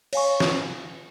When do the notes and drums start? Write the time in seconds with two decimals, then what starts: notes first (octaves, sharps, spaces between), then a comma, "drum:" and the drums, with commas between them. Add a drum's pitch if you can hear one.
0.13 C#5 F5 G#5 C#6, drum: cymbal
0.40 drum: snare